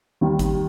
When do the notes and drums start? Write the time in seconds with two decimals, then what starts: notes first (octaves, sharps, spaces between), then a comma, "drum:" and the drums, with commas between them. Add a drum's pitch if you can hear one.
0.21 D#2 D#3 G3
0.39 drum: kick G#1, hi-hat